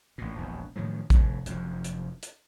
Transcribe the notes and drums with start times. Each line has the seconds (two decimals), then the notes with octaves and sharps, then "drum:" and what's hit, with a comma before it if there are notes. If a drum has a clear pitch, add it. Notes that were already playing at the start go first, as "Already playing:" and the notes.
0.18 A1 A#2
0.36 E1 A#1 D#2
0.76 A2 D#3 F3 F#3
1.10 F1 A2, drum: kick A1, hi-hat
1.46 F1 F#2 F3, drum: hi-hat
1.84 drum: hi-hat
2.23 drum: hi-hat